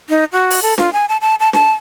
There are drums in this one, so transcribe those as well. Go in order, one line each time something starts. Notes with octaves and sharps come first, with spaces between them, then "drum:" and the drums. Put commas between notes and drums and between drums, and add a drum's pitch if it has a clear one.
D#4
F#4
drum: open hi-hat
A4
F4, drum: snare
G#5
A5
A5
A5
A5, drum: snare